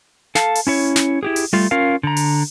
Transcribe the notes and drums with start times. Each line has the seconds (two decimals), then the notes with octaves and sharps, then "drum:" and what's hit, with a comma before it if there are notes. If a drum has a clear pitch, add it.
0.35 A4 F5 A5, drum: snare
0.55 drum: open hi-hat
0.67 C#4 E4 C#5
0.96 drum: snare
1.23 E4 G4 G#4
1.36 drum: open hi-hat
1.53 G3 A3 F4
1.71 C#4 F4 A#4 F5
2.03 D3 A#5
2.16 drum: open hi-hat